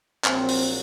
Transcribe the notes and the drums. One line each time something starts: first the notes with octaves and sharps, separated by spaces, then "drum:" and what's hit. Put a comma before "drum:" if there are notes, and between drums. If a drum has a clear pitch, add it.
A#1 A#2 F#3 C4, drum: clap
drum: open hi-hat